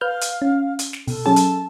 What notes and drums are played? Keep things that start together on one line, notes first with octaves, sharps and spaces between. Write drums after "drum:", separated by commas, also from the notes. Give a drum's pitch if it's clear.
B4 F5 F6 G6
drum: hi-hat
C#4
drum: hi-hat
drum: snare
B2 A4, drum: open hi-hat
F#3 C#4 G#4 A5
drum: hi-hat